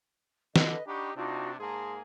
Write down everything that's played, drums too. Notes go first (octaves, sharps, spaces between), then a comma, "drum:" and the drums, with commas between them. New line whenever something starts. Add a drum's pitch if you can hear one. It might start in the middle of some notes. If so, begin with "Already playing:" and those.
D3 B4 D#5, drum: snare
D4 D#4 G4 F#5 B5 C#6
C3 D4 D#4 F4 F#4
G#2 A#3 G#4 A5 A#5 C6